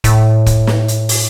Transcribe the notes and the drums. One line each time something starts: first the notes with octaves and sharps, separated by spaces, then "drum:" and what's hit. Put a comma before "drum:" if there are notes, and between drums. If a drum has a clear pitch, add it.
A2, drum: kick, hi-hat
drum: kick, hi-hat
drum: snare
drum: hi-hat
drum: open hi-hat